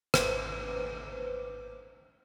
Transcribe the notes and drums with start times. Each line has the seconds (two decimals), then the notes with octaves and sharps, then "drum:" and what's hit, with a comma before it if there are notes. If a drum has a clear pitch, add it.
0.14 G#1 B4 C5 D6, drum: rim click